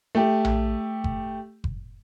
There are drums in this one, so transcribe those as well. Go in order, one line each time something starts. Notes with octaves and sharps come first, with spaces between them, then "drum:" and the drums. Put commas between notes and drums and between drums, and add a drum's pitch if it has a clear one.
A3 G4
drum: tom A#1
drum: kick F#1
drum: kick F#1